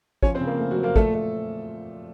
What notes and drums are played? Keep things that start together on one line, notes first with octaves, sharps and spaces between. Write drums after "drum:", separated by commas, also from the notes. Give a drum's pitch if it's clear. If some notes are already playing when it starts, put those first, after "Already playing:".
F3 C#4 C#5, drum: kick
C4 C5
C#3
A#3 A#4
A3
F#3 F#4
F2
A#3 A#4
A#2 A3 A4, drum: kick
A3